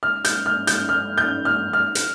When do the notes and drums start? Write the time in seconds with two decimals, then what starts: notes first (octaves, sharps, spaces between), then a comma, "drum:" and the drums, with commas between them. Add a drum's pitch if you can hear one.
0.03 F6
0.25 G6, drum: hi-hat
0.46 F6
0.67 G6, drum: hi-hat
0.89 F6
1.18 G6
1.45 F6
1.73 F6
1.95 drum: hi-hat